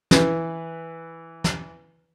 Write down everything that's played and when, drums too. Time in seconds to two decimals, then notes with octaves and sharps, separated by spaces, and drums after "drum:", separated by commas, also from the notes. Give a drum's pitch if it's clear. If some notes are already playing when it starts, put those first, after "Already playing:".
0.11 E3 B4, drum: snare
1.44 drum: snare